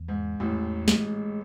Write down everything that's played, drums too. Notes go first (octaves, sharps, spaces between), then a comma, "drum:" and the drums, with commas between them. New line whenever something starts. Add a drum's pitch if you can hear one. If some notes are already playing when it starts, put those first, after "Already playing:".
Already playing: E2
G#2
A1 E2 A2
G#3, drum: snare